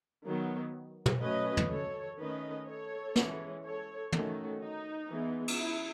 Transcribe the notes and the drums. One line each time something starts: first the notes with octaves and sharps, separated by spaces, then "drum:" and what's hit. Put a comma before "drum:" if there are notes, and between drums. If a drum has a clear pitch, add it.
D#3 F#3 B3
drum: tom
F#3 A3 C#4 B4 D#5
drum: tom
A4 C#5
D#3 A3 C#4 B4 D#5
A4 C#5
E3 G#3 C#4, drum: snare
A4 C#5
D#3 A3 C#4 F#4 A4, drum: tom
D#4
E3 G#3 B3
drum: cymbal
E4